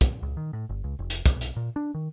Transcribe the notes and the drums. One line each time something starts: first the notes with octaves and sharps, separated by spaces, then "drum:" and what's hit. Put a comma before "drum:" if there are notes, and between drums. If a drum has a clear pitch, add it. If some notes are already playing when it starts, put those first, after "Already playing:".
drum: kick, hi-hat
C#2
D#3
A2
G1
C#2
F1
drum: hi-hat
B1, drum: kick, hi-hat
drum: hi-hat
A#2
D4
D#3